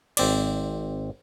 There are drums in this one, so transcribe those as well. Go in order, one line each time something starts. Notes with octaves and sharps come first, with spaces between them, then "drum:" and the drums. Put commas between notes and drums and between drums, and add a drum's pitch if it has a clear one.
G#1 C4 D5, drum: cymbal